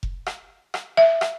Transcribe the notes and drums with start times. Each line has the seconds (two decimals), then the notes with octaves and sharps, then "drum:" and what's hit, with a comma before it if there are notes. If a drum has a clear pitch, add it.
0.03 drum: kick F1
0.26 drum: rim click
0.74 drum: rim click
0.97 E5
1.21 drum: rim click